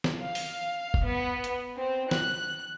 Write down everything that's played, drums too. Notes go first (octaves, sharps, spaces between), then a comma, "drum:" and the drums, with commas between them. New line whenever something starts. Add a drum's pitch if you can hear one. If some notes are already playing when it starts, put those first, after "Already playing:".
drum: snare
F5
drum: open hi-hat
drum: kick F1
B3
drum: hi-hat
C4
F#6, drum: snare